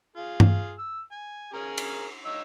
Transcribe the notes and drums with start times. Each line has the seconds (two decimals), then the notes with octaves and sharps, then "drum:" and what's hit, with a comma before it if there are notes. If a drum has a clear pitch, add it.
0.16 F4 G#4
0.40 drum: tom G2
0.79 E6
1.12 G#5
1.54 C#4 G#4 A#4
1.78 drum: cymbal
2.26 D#4 C#5 E6